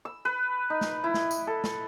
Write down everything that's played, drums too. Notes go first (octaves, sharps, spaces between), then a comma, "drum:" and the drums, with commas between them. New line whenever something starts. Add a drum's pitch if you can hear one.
E6
B4
D#4
drum: snare
E4
drum: snare
drum: tambourine
A4
drum: snare